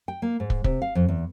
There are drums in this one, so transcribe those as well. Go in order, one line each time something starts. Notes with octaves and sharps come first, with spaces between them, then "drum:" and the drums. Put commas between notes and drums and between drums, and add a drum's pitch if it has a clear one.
G5
A#3
G#2
drum: kick
C3, drum: kick
F5
F2
E2